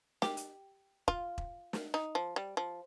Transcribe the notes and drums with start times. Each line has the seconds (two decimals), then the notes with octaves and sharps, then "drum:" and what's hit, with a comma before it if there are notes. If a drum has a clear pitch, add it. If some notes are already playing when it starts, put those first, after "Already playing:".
0.22 G4, drum: snare
0.37 drum: hi-hat
1.08 F4, drum: kick E1
1.38 drum: kick E1
1.73 drum: snare
1.94 D#4, drum: rim click
2.15 F3
2.36 G3
2.57 F3